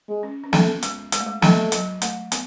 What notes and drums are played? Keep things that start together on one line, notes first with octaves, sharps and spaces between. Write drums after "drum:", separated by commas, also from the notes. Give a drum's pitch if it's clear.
G#3
C#4
C#4
A3 B3, drum: snare
G#3, drum: hi-hat
G#3, drum: hi-hat
A3
G#3
F#3 A3, drum: snare
F#3, drum: hi-hat
A3, drum: hi-hat
B3, drum: hi-hat